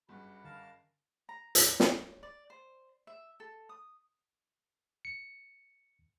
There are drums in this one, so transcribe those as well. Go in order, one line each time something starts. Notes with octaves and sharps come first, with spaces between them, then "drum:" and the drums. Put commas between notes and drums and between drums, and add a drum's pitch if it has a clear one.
F#1 G2 F#4 B5 D6
D3 A#4 F5 A5
A#5
drum: hi-hat
C#5, drum: snare
D5
C5
E5
A4
D#6
C#7